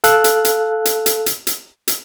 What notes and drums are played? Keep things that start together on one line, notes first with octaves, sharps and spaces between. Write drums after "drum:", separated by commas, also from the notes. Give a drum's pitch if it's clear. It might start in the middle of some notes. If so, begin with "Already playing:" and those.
A4 F5 F#6, drum: hi-hat
drum: hi-hat
drum: hi-hat
drum: hi-hat
drum: hi-hat
drum: hi-hat
drum: hi-hat
drum: hi-hat